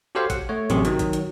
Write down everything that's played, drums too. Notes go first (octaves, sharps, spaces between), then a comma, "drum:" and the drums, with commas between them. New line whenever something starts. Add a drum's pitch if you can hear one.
F#4 G4 A4 C5 C#5 F5
F#5, drum: kick, hi-hat
A3 C#5
A1 F#2 C3 G4 G#4 C#6, drum: hi-hat
D#3 F#3, drum: hi-hat
drum: kick, hi-hat
drum: hi-hat